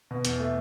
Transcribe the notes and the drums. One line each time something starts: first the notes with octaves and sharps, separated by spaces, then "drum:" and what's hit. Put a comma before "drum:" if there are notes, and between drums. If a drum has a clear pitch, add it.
B2
E2, drum: hi-hat
A3